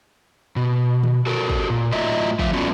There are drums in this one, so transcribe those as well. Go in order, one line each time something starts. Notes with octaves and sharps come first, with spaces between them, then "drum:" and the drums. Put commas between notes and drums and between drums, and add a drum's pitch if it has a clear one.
B2
drum: tom D3
F#4 A4 A#4
drum: kick
A#2
A2 F#3 F4 D#5 E5
F3 E5 F5, drum: kick
G3 B3 C#4 D4 F4 F#4